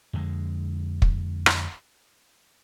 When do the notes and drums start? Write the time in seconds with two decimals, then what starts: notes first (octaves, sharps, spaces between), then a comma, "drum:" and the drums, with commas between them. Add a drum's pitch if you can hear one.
0.13 F2 D3 G#3
1.02 drum: kick
1.46 drum: rim click